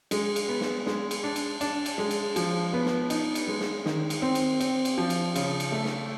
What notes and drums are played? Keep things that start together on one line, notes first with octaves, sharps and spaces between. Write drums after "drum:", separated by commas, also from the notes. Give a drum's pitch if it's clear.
G#3, drum: cymbal
drum: cymbal
B3
drum: snare
G#3, drum: snare
drum: cymbal
D4
drum: cymbal
D4, drum: cymbal
drum: cymbal
G#3
drum: cymbal
F3, drum: cymbal
B3
drum: snare
D#4, drum: cymbal
drum: cymbal
G#3
drum: snare
D#3, drum: snare
drum: cymbal
C4
drum: cymbal
C4, drum: cymbal
drum: cymbal
F3
drum: cymbal
C#3, drum: cymbal
drum: cymbal
A3
drum: snare